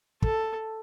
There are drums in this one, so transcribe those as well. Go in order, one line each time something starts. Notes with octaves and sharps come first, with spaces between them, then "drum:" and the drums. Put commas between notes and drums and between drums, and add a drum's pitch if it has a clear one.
A4, drum: kick